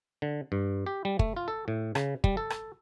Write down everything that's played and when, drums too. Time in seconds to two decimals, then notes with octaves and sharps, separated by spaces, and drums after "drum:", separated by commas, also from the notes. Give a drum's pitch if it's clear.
0.22 D3
0.52 G2
0.86 G4
1.05 G3
1.19 A3, drum: kick
1.37 F4
1.48 A4
1.68 A2
1.95 C#3, drum: rim click
2.24 G3, drum: kick
2.37 A4
2.50 drum: rim click